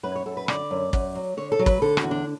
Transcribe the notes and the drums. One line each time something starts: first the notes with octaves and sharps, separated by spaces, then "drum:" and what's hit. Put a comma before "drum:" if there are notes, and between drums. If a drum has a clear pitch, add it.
F#2 B4
C#5
F#2 A4
B4
D3 D5, drum: rim click
F#2
F#2, drum: kick
F#3
D3 C#5
A4
F#3
B4, drum: kick
D3 A4
F#4, drum: rim click
E2
D4